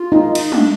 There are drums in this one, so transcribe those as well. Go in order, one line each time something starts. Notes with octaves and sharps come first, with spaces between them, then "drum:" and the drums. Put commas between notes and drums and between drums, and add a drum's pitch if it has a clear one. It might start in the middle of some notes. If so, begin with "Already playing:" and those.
Already playing: F4
D#4
D#4, drum: cymbal
D4, drum: tom